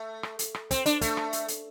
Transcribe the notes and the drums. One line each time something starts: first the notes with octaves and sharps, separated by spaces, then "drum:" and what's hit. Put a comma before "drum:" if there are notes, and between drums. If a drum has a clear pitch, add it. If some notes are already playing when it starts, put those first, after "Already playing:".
Already playing: A3
drum: rim click
drum: hi-hat
drum: rim click
C4, drum: kick, hi-hat
D4, drum: hi-hat
A3, drum: kick, hi-hat
drum: rim click
drum: hi-hat
drum: hi-hat